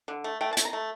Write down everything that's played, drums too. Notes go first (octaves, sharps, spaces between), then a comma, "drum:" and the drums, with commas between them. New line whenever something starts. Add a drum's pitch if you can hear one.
D3
A3
A3 G5
A5
A3, drum: hi-hat
A#5
A3